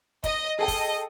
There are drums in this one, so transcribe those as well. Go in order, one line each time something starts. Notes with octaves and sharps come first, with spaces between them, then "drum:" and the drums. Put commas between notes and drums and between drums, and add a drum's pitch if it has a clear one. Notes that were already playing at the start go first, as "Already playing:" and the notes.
D#5, drum: kick, hi-hat
G#4 A4 D#5 G5
drum: kick, open hi-hat